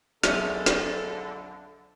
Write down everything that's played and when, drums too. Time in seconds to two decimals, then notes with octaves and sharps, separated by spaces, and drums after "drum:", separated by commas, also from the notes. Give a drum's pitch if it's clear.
0.23 B1 F2 D3 G#3 E4 A4 A#4, drum: snare
0.66 drum: snare